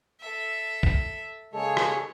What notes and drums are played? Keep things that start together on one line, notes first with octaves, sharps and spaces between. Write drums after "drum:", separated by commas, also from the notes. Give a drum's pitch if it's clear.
A4 E5
drum: kick
C#3 G#3 A#3 G#4 A4 C#5
drum: rim click